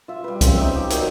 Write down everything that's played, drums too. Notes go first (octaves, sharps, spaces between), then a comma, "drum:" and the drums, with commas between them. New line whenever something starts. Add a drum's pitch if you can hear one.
F4 E5
G3 B4
C#3 C4, drum: kick C2, hi-hat
D#4 D5 E5
G4
D#3 F#3, drum: hi-hat